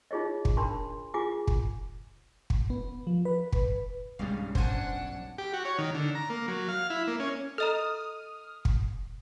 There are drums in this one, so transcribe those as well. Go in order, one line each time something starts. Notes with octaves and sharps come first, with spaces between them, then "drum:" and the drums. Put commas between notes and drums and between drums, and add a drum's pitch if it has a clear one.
D#4 F4 G#4 C#5 D#5
drum: kick
D4 A#4 A5 B5 C6
F4 G#4 G#5 D6
drum: kick
drum: kick
B3
F3
B4
drum: kick
B1 G2 C#3 G3 G#3 F5
D4 C5 F#5 G#5, drum: kick
G4
F#4
C#5
D#3
D3
A#5
A#3
F#3
F5
E4
A#3
C#4
A4 D#5 A#5 D#6 F6
drum: kick